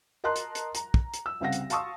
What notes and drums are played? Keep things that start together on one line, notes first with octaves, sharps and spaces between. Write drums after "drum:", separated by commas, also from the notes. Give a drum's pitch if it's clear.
A#4 D#5 A5 A#5 C6 F#6
drum: hi-hat
drum: hi-hat
A#5, drum: hi-hat
drum: kick
drum: hi-hat
E6
C2 C#3 C4 F5 F#5 A#6
drum: hi-hat
F5 A5 C6 C#6 D#6 E6, drum: hi-hat